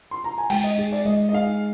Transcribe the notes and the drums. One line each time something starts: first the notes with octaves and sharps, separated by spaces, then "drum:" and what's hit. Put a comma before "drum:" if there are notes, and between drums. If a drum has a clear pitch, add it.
C6
A#5
G#5
G#3 G5, drum: cymbal
D#5
D#4 G#4
D5
G#3 D#5
D#5
D#4 G#4 F5